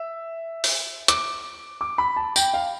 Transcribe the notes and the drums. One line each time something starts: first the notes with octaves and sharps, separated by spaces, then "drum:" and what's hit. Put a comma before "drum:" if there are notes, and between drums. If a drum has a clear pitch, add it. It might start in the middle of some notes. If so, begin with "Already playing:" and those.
Already playing: E5
drum: open hi-hat
D6, drum: hi-hat
D6
B5
A5
G5, drum: tambourine
F5